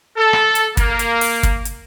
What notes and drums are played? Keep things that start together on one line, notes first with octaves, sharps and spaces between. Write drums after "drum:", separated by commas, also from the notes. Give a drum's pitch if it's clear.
A4
drum: rim click
drum: hi-hat
A#3, drum: kick, hi-hat
drum: hi-hat
drum: open hi-hat
drum: kick, hi-hat
drum: hi-hat